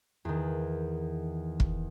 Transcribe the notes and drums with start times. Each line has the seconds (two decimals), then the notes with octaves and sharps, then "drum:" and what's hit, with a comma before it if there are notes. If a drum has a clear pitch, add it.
0.25 E2 D#3
1.60 drum: kick